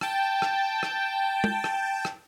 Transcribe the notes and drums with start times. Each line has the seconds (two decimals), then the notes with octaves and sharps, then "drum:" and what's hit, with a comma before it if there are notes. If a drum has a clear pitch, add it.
0.01 G5 A5, drum: rim click
0.42 drum: rim click
0.83 drum: rim click
1.44 drum: tom
1.64 drum: rim click
2.05 drum: rim click